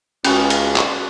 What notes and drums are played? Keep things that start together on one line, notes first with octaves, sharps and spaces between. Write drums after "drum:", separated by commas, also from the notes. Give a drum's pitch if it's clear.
C#2 C#3 C#4 F#4 G#4 B4, drum: cymbal
drum: cymbal
drum: clap